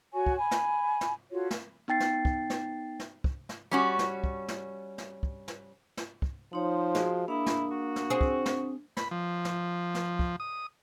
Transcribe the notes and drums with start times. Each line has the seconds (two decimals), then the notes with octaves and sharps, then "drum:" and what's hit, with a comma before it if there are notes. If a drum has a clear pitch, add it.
0.13 F#4 C#5 G#5 C#6
0.26 drum: kick
0.37 G#5 B5
0.51 drum: snare
1.01 drum: snare
1.31 F4 F#4 A4 C#5
1.51 drum: snare
1.88 B3 D#4 G5 A6 C7
2.00 drum: snare
2.25 drum: kick
2.50 drum: snare
2.99 drum: snare
3.24 drum: kick
3.49 drum: snare
3.71 G3 C#4 F#4
3.99 drum: snare
4.24 drum: kick
4.48 drum: snare
4.98 drum: snare
5.23 drum: kick
5.48 drum: snare
5.97 drum: snare
6.22 drum: kick
6.53 F3 D#4 C5 C#5
6.95 G#3 F#4, drum: snare
7.28 A#3 D4 E4 D#6
7.46 drum: snare
7.71 F#4
7.96 drum: snare
8.10 C4 G#4
8.21 drum: kick
8.46 drum: snare
8.97 B5, drum: snare
9.11 F3
9.45 drum: snare
9.95 drum: snare
10.19 drum: kick
10.40 D#6